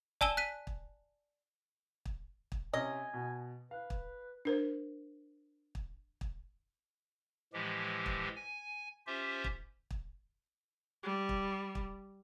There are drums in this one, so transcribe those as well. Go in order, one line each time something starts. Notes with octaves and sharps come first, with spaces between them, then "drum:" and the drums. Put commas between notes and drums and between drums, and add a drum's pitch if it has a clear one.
D5 G#5 A5 E6 E7 G7, drum: kick
F#6 B6 D#7
drum: kick
drum: kick
drum: kick
C3 C#4 D#5 G#5
B2
B4 F5
drum: kick
D4 A#4 C5
drum: kick
drum: kick
A2 E3 F3 G#3 G4
drum: kick
G#5
C#4 F4 G4 C5 E5
drum: kick
drum: kick
G3
drum: kick
drum: kick